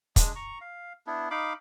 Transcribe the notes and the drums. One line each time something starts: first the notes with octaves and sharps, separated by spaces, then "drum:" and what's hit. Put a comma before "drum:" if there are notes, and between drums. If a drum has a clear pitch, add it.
G#3 D4, drum: kick, hi-hat
A#5 C#6
F5
B3 D4 E4
D#4 F5 B5 D6